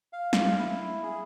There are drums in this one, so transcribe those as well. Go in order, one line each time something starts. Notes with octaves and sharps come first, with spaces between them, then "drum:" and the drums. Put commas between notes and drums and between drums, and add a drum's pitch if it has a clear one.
F5
F5, drum: snare
E4
G#4